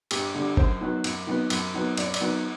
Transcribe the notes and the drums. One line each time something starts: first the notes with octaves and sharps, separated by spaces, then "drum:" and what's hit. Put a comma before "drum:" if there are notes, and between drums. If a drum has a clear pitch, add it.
G2 G4, drum: cymbal
D3 G3
F#2 C5, drum: kick
D#3 F#3 B3
F#2, drum: cymbal
D#3 F#3 B3
F#2, drum: cymbal
D#3 F#3 B3
F#2 D5, drum: cymbal
C#5
D5, drum: cymbal
D#3 F#3 B3